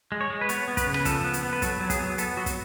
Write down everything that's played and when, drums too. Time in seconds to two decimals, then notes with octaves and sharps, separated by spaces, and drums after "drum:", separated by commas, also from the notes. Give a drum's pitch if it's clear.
0.12 G#3
0.21 C#5
0.30 G#3
0.41 B4
0.49 B3 C#5, drum: hi-hat
0.68 B3
0.77 B4, drum: kick, hi-hat
0.87 C#3
0.94 B4, drum: rim click
1.05 F3 A4, drum: kick, hi-hat
1.24 B3
1.34 drum: hi-hat
1.43 B3
1.53 B4
1.62 F#3 A4, drum: kick, hi-hat
1.80 F#3
1.90 G#4, drum: kick, hi-hat
1.99 B3
2.18 B3 A4, drum: hi-hat
2.37 F#3 F#4
2.46 drum: kick, hi-hat